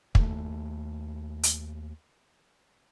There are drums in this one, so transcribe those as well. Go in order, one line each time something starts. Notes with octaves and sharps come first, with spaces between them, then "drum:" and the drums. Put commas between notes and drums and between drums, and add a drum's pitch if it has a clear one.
D#2 A3, drum: kick
drum: hi-hat